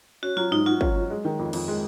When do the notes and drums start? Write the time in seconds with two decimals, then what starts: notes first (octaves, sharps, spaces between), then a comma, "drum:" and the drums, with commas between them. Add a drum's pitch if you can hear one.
0.23 C#4 F#4
0.37 F#3 F4
0.51 G#2 D#4
0.66 F4 F#4
0.81 C#4, drum: kick
0.96 F#3
1.10 G#3
1.25 D#3
1.39 F2
1.53 F2, drum: cymbal
1.68 G#3